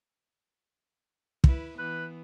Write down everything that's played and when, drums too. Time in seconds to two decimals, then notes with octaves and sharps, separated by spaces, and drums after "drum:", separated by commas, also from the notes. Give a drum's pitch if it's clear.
1.44 E4 B4, drum: kick
1.78 E3 B3 B4